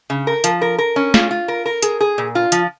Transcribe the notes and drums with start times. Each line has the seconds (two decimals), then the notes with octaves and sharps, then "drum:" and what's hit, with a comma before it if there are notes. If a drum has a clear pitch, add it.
0.10 C#3
0.27 A#4
0.44 F3, drum: hi-hat
0.62 A#4
0.78 A#4
0.96 C#4
1.14 F4, drum: snare
1.31 F4
1.48 A#4
1.66 A#4
1.82 G#4, drum: hi-hat
2.00 G#4
2.18 A#2
2.35 F4
2.52 F3, drum: hi-hat